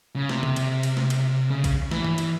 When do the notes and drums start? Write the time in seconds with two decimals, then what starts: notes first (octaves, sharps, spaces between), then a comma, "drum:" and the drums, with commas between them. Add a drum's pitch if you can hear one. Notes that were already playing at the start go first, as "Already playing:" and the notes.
0.16 C#3
0.29 C3, drum: snare
0.43 drum: tom C#3
0.56 drum: cymbal
0.83 drum: cymbal
0.97 drum: snare
1.10 drum: cymbal
1.51 C#3
1.64 drum: kick B1, cymbal
1.91 E3, drum: snare
2.05 drum: tom G2
2.18 drum: cymbal